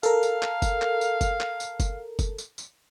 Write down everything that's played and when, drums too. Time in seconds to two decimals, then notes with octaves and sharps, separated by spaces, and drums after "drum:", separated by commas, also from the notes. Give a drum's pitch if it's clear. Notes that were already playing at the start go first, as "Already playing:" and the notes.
0.03 A4 A#4 F5, drum: tambourine
0.23 drum: tambourine
0.42 drum: clap
0.62 drum: kick G1, tambourine
0.82 drum: clap
1.01 drum: tambourine
1.21 drum: kick G1, tambourine
1.40 drum: clap
1.60 drum: tambourine
1.80 drum: kick G1, tambourine
2.19 drum: kick G1, tambourine
2.38 drum: tambourine
2.58 drum: tambourine